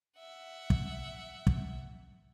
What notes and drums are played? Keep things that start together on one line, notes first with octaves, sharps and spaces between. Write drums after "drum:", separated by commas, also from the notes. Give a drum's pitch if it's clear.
E5 F#5
drum: kick
drum: kick